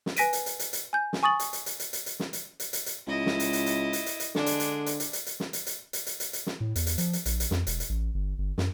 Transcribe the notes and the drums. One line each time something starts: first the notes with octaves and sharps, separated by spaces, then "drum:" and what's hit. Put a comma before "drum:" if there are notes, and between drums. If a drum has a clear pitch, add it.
drum: snare
B4 G#5 A#6 B6 D7 D#7, drum: hi-hat
drum: hi-hat
drum: hi-hat
drum: hi-hat
drum: hi-hat
G#5 G6
drum: snare
G#5 C#6 D#6 A6 F#7
drum: hi-hat
drum: hi-hat
drum: hi-hat
drum: hi-hat
drum: hi-hat
drum: hi-hat
drum: snare
drum: hi-hat
drum: hi-hat
drum: hi-hat
drum: hi-hat
C#2 E4 D#5
drum: snare
drum: hi-hat
drum: hi-hat
drum: hi-hat
drum: hi-hat
drum: hi-hat
drum: hi-hat
D3 G#3 D4, drum: snare
drum: hi-hat
drum: hi-hat
drum: hi-hat
drum: hi-hat
drum: hi-hat
drum: hi-hat
drum: snare
drum: hi-hat
drum: hi-hat
drum: hi-hat
drum: hi-hat
drum: hi-hat
drum: hi-hat
drum: snare
A2
E2, drum: hi-hat
drum: hi-hat
F3, drum: hi-hat
drum: hi-hat
A#1, drum: hi-hat
drum: hi-hat
F2, drum: snare
E1, drum: hi-hat
drum: hi-hat
A1
G1
G1
F#2, drum: snare